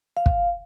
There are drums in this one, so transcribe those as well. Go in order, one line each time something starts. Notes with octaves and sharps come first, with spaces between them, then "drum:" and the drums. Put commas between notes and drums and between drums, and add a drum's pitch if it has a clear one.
F5
drum: kick